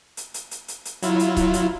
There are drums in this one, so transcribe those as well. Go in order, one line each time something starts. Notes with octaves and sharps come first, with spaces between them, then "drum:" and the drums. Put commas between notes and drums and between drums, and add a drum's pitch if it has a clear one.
drum: hi-hat
drum: hi-hat
drum: hi-hat
drum: hi-hat
drum: hi-hat
F#3 E4 F4, drum: hi-hat
drum: hi-hat
drum: kick C#1, hi-hat
drum: hi-hat